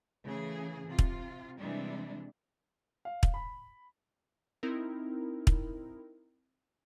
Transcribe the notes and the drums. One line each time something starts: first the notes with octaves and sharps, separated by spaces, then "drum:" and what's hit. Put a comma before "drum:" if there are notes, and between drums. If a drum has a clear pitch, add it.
C#3 E3 A3 G#4
C3 F4
drum: kick
C3 E3 G3 G#3 D4
F5
drum: kick
B5
C4 D#4 E4 A#4
drum: kick